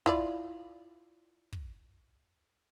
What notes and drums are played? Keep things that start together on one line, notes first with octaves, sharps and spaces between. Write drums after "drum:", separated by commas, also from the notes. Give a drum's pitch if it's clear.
E4 F4 D5, drum: kick
drum: kick